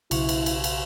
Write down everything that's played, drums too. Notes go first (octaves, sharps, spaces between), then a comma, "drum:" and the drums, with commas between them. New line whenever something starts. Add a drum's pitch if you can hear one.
B1 C#3 E4 C#6, drum: cymbal
drum: cymbal
drum: cymbal
drum: cymbal